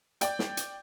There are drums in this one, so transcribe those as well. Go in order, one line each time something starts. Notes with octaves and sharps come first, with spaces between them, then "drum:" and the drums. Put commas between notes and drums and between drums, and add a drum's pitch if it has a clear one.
D5 G5 G6, drum: hi-hat
drum: snare
drum: hi-hat